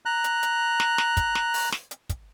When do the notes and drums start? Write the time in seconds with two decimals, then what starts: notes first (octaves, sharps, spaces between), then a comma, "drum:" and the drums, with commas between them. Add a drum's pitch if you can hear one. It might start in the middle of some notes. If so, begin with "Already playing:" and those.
0.06 A#5 F#6
0.24 drum: hi-hat
0.43 drum: hi-hat
0.80 drum: snare
0.98 drum: snare
1.17 drum: kick, hi-hat
1.35 drum: snare
1.54 drum: open hi-hat
1.72 drum: snare
1.91 drum: hi-hat
2.09 drum: kick, hi-hat